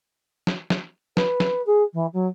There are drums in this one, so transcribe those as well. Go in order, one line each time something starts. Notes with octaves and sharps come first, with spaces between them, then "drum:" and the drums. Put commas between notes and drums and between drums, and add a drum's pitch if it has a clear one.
drum: snare
drum: snare
B4, drum: snare
drum: snare
G#4
E3
F#3